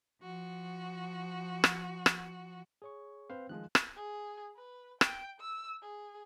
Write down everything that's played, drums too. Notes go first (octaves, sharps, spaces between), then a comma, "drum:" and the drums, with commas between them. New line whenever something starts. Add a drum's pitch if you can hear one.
F3 F#4
drum: rim click
drum: rim click
G#4 C#5 C#6
C4 B4 C5 F5
D#3 F3 G#3 F#6
drum: rim click
G#4
B4
G5, drum: rim click
E6
G#4